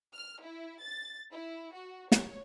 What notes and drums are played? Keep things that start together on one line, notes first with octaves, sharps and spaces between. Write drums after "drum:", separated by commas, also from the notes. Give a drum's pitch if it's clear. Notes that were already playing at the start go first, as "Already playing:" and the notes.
F6
E4
A6
E4
F#4
C#5, drum: snare